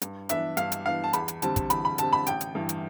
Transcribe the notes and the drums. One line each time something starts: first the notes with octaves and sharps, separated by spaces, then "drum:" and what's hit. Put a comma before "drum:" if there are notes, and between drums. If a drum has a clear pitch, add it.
G2, drum: hi-hat
E3 B3 D4 E5, drum: hi-hat
G2 F5, drum: hi-hat
drum: hi-hat
E3 B3 D4 F5
A5
E2 B5, drum: hi-hat
drum: hi-hat
D3 G3 C4 A5, drum: hi-hat
drum: kick, hi-hat
E2 B5, drum: hi-hat
B5
D3 G3 C4 A5, drum: hi-hat
B5
A1 G5, drum: hi-hat
drum: hi-hat
G2 E3
drum: hi-hat